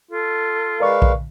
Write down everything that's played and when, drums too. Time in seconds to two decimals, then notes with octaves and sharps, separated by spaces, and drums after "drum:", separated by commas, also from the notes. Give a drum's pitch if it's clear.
0.11 F4 A4
0.80 G#3 A#4 B4 D5 F5 C#6
1.02 drum: kick A#1